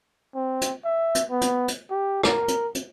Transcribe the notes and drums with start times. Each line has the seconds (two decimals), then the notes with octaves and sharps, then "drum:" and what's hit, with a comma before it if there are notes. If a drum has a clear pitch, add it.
0.35 C4
0.61 drum: hi-hat
0.85 E5
1.15 drum: hi-hat
1.30 B3
1.41 drum: hi-hat
1.68 drum: hi-hat
1.90 G4
2.23 A#4, drum: rim click
2.48 drum: hi-hat
2.75 drum: hi-hat